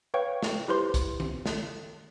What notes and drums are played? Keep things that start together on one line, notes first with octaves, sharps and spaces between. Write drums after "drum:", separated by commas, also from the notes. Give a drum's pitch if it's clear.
B4 C#5 F5 G5 C#6
drum: snare
E4 G4 B4 C5 C6
drum: kick, hi-hat
drum: tom D#3
drum: snare